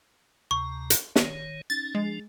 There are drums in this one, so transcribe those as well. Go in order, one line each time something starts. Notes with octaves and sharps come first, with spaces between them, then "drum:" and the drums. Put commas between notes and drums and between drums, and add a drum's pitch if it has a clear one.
D2 C3 A#5 C#6
drum: hi-hat
D#3 C#5, drum: snare
C#4 D#4 A6
F3 G#3 D4